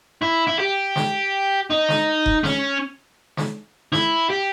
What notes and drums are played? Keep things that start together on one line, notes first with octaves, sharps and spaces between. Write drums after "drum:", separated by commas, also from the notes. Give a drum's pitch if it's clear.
E4
E4
G4
drum: snare
D#4
drum: snare
drum: kick E1
C#4, drum: snare
drum: snare
E4, drum: snare
G4